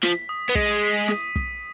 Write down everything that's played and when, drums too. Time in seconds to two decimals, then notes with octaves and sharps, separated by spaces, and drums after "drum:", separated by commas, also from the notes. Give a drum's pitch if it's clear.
0.03 F3 B6, drum: snare
0.29 D#6
0.49 B3
0.55 G#3 D#7, drum: kick
0.83 B6
1.08 D#6, drum: snare
1.36 D#6, drum: kick